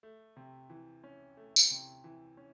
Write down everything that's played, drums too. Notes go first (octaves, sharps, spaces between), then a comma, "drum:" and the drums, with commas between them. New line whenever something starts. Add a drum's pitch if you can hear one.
A3
C3
E3
C#4
A3
drum: tambourine
C3
E3
C#4